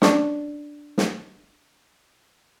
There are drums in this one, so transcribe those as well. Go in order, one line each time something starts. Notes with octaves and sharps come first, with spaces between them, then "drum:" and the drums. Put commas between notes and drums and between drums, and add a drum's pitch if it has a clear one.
C#4 D4, drum: snare
drum: snare